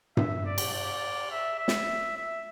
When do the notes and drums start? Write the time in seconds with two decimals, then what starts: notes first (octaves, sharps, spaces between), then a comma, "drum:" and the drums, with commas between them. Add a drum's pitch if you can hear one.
0.17 E5, drum: tom G2
0.45 D5
0.58 drum: cymbal
0.74 D5
1.31 E5
1.59 E5
1.68 drum: snare
2.17 E5